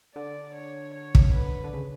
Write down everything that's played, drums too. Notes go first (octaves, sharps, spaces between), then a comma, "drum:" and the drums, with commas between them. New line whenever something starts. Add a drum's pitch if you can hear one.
D3 D5
C#5
C#5
drum: kick
B4
D3
C#3